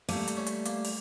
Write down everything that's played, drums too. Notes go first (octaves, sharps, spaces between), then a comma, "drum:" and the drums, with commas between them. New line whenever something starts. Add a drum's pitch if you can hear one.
G3 A3 A#3, drum: open hi-hat
drum: hi-hat
C#4
drum: hi-hat
A#3, drum: hi-hat
drum: open hi-hat